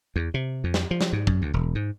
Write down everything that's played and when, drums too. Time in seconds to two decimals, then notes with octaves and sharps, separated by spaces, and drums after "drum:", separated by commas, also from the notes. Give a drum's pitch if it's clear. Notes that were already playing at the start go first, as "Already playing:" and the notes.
0.16 E2
0.34 C3
0.64 F2
0.74 drum: snare
0.91 F3
1.01 drum: snare
1.13 G#2
1.27 F#2, drum: kick
1.42 D2
1.54 E1
1.75 G#2